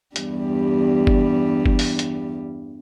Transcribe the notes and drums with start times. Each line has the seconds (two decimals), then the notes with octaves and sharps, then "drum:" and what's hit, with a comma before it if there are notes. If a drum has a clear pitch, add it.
0.16 E2 G2 G3, drum: hi-hat
1.07 drum: kick G1
1.66 drum: kick G1
1.79 drum: open hi-hat
1.99 drum: hi-hat